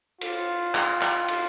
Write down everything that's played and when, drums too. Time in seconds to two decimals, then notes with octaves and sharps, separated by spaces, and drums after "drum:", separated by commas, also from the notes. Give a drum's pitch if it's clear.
0.21 F4, drum: cymbal
0.75 drum: clap
1.01 drum: clap
1.28 drum: cymbal